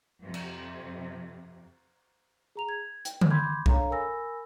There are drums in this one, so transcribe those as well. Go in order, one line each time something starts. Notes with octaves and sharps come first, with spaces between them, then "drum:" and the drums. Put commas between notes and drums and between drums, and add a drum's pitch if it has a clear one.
F2 C3
drum: cymbal
G#4 A#5 F7
G#6
G5, drum: hi-hat
drum: tom D3
B5 C6 D6 G6 G#6
D4 A4 C#5 F5 A#5, drum: kick
A#4 G#5 B5 E6 A#6